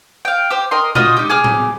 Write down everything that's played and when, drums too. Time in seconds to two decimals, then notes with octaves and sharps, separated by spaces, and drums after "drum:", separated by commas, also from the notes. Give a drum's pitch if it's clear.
0.25 F5 G5
0.50 G4 C5
0.71 A#4 D#5 C6
0.95 F4 F#4 C5 D#5, drum: tom A#2
1.17 D#4 G4
1.29 G#4 D6 F6
1.44 drum: tom A2